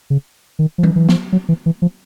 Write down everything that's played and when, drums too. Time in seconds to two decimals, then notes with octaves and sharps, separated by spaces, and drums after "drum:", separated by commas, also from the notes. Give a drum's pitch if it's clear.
0.10 C#3
0.59 D#3
0.78 F3
0.83 E3, drum: tom F#3
0.96 E3
1.09 F3, drum: snare
1.32 F#3
1.49 E3
1.66 E3
1.82 F3